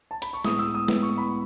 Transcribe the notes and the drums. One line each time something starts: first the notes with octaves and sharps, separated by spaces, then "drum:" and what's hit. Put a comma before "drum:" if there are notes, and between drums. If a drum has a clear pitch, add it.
A5
B5, drum: hi-hat
C#6
A2 G#3 B3 D#6, drum: snare
E6
D#6
A2 G#3 B3 D#6, drum: snare
C#6
B5